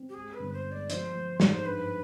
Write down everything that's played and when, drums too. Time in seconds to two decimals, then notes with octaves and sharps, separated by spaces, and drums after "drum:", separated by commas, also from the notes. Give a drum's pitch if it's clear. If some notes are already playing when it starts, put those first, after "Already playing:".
Already playing: C4
0.09 G4
0.14 G#3 G#4
0.34 B4
0.39 G1
0.53 C5
0.65 G#3
0.72 D5
0.90 F3 C5, drum: hi-hat
1.15 F3
1.40 G#2 D5, drum: snare
1.52 C5
1.65 G2 B4